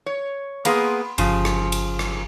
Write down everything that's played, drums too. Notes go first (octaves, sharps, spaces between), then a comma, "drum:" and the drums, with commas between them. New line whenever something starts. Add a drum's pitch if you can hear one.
C#5
A#3 B3 G#4 B5 C6, drum: cymbal
G1 C#3 F3, drum: cymbal
drum: rim click
drum: cymbal
drum: rim click